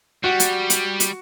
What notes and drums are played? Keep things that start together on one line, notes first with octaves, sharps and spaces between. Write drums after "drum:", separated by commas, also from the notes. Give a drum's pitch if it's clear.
G3 F#4
drum: hi-hat
drum: hi-hat
drum: hi-hat